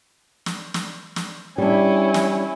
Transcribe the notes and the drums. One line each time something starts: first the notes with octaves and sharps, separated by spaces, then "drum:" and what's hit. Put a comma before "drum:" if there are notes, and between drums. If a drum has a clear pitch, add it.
drum: snare
drum: snare
drum: snare
G3 C#4 D4 E4
drum: snare